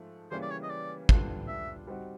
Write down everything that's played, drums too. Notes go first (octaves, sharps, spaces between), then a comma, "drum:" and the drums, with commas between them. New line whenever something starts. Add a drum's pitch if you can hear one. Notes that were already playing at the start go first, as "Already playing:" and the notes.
Already playing: G#2 F3 A3
C#3 E3 G3 A#3 C#4 C5
D5
C#5
D#5
D5
G3 B3 D4 F4 A4, drum: kick
E5
G3 C4 D#4 F#4